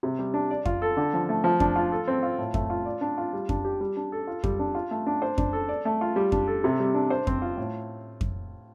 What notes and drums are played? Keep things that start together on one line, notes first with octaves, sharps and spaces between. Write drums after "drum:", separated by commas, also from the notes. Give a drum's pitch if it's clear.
C3
G3
D4
D5
F4, drum: kick F2
A4
D3
F3
A3
F3
D4, drum: kick F2
F4
A4
C4
F4
A2
A3, drum: kick F2
F4
D5
D4
F4
G3
D4, drum: kick F2
G4
G3
D4
A4
F4
G3, drum: kick F2
D4
F4
A3
D4
C5
D4, drum: kick F2
A4
D5
A3
F4
G3
D4, drum: kick F2
A4
C3
G3
D4
C5
C4, drum: kick F2
F4
A2
drum: kick F2